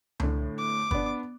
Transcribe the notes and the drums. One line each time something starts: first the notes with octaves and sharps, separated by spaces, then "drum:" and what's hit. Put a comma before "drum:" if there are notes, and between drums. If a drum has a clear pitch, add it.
A2 D3, drum: tom C#2
D6
B3 D4, drum: kick